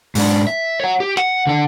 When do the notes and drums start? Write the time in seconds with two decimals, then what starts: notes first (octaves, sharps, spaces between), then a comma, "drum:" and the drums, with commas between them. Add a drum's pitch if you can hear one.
0.15 G#2 D4, drum: open hi-hat
0.47 E5
0.80 C#5 F#5
1.00 G4
1.17 F#5, drum: snare
1.47 D3 F#5